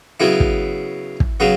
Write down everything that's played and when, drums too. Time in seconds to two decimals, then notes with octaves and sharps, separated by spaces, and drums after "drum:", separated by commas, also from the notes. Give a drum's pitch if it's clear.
0.20 C#3 F#3 B3 E4
0.40 drum: kick
1.20 drum: kick
1.40 C#3 F#3 B3